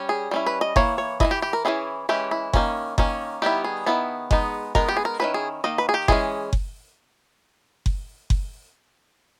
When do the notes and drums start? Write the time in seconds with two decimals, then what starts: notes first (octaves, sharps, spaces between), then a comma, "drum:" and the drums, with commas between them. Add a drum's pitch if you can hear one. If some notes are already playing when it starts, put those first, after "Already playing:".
Already playing: G3 C#4
0.09 G#4
0.31 G3 C#4 E4
0.46 B4
0.61 D#5
0.76 E3 A#3 E4 C#5, drum: kick F#1
0.98 C#5
1.20 E3 A#3 E4 D#5, drum: kick F#1
1.31 G4
1.42 G4
1.53 A#4
1.65 E3 G#3 C#4 E4 G#4
2.09 E3 G#3 C#4 E4 G4
2.31 E4
2.53 D#3 A#3 C#4, drum: kick F#1
2.98 D#3 A#3 C#4, drum: kick F#1
3.42 D#3 G3 B3 E4 G4
3.64 G#4
3.86 D#3 G3 B3 E4
4.31 G#3 B3 D#4, drum: kick F#1
4.75 G#3 B3 D#4 A#4, drum: kick F#1
4.88 G4
4.97 G#4
5.05 A#4
5.20 D#3 A#3 C#4 E4 B4
5.34 G#4
5.64 D#3 A#3 D#5
5.78 B4
5.89 G#4
5.94 G4
6.08 E3 G#3 C#4 G#4, drum: kick F#1
6.53 drum: kick F#1
7.86 drum: kick F#1
8.30 drum: kick F#1